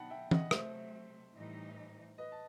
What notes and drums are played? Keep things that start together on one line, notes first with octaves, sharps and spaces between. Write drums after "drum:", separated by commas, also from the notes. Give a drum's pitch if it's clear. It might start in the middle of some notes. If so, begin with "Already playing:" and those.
Already playing: B2 F#3 B3 D#4 F#5 G5 A5 B5
E5 G5
D#5 F#5, drum: tom E3
C3 F#3 A3 C5 E5, drum: rim click
A2 E3 G3 D#4
B4 D#5
A5